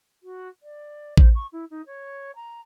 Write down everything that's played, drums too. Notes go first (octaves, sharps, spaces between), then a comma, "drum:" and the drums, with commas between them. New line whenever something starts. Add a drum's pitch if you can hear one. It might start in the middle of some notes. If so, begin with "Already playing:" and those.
F#4
D5
C5, drum: kick A1
C#6
E4
D#4
C#5
A#5